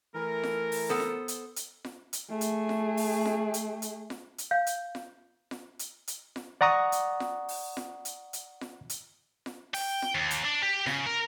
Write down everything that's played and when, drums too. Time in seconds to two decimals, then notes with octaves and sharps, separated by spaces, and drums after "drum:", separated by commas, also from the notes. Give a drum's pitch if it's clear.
0.14 E3 A3 A#4
0.43 drum: snare F4
0.72 drum: open hi-hat
0.89 B3 A4 C5
1.00 drum: snare F4
1.28 drum: hi-hat
1.56 drum: hi-hat
1.85 drum: snare F4
2.13 drum: hi-hat
2.30 A3 G#4
2.41 drum: hi-hat
2.69 drum: snare F4
2.97 drum: open hi-hat
3.26 drum: snare F4
3.54 drum: hi-hat
3.82 drum: hi-hat
4.10 drum: snare F4
4.38 drum: hi-hat
4.51 F5 G6
4.67 drum: hi-hat
4.95 drum: snare F4
5.51 drum: snare F4
5.79 drum: hi-hat
6.08 drum: hi-hat
6.36 drum: snare F4
6.61 D5 F#5 A#5 C#6 D#6
6.92 drum: hi-hat
7.20 drum: snare F4
7.49 drum: open hi-hat
7.77 drum: snare F4
8.05 drum: hi-hat
8.33 drum: hi-hat
8.61 drum: snare F4
8.90 drum: hi-hat
9.46 drum: snare F4
9.74 G5, drum: open hi-hat
10.02 drum: snare F4
10.15 D#2
10.31 drum: hi-hat
10.45 D4
10.63 G4
10.86 C#3, drum: snare F4
11.06 A#4